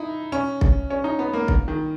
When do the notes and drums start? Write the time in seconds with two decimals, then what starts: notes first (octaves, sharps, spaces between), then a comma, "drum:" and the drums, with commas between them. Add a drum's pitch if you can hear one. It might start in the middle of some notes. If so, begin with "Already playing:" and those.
Already playing: D#4 E4
0.32 C#4
0.61 drum: kick B1
0.90 C#4
1.04 D#4
1.19 B3
1.33 A#3
1.48 drum: kick B1
1.68 D#3